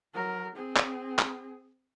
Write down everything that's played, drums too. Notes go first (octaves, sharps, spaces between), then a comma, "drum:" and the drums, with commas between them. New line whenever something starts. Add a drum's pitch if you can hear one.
F#3 A#4
C4 G#4
drum: clap
drum: clap